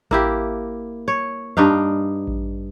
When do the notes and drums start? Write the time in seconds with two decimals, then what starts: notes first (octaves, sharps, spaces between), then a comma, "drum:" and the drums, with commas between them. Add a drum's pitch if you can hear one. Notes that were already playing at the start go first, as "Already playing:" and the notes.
0.11 A#3 E4 G4, drum: kick A1
1.08 C#5
1.57 G2 D4 D#4 F5, drum: tom F2
2.27 drum: kick A1